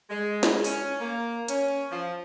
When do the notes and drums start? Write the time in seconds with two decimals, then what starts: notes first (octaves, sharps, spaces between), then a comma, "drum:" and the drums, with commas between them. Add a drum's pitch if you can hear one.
0.10 G#3
0.43 drum: snare
0.64 C#4, drum: open hi-hat
1.00 A#3
1.48 C#4, drum: hi-hat
1.91 F3